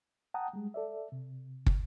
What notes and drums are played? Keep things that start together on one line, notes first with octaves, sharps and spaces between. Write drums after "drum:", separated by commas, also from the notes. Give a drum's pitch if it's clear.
F#5 G5 A5 A#5 D#6
G3 G#3
A4 D5 E5
C3
drum: kick